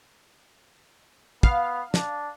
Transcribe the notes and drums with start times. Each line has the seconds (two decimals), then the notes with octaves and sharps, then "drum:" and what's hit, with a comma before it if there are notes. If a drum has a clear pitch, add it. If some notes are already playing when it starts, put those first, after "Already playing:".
1.43 B3 F5, drum: kick
1.94 D4, drum: snare